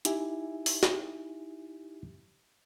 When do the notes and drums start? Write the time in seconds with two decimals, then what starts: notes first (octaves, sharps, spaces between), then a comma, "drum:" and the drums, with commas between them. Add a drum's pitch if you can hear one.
0.05 D#4 E4 G4 E5 G#5, drum: hi-hat
0.66 drum: open hi-hat
0.83 drum: snare